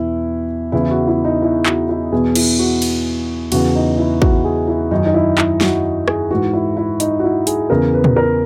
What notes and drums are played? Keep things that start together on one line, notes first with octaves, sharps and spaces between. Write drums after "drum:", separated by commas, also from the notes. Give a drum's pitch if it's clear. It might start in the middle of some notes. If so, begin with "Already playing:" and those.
Already playing: E2 B2 E4
E2 C#3 E3 E4
F#4
E4
D#4
E4
F#4, drum: clap
E4
E2 B2 G#4
E4, drum: cymbal
F#4
drum: cymbal
E2 C#3 E3 F#4, drum: cymbal
D#4
E4
F#4, drum: kick
G#4
E4
F#2 D#3 D#4
D#4
E4
E4, drum: clap
F#4, drum: snare
G#4, drum: rim click
G#2 E3 F#4
E4
E4
D#4, drum: hi-hat
F#4
E4
G#4, drum: hi-hat
E2 C#3 E3 A#4
B4
drum: tom
A#4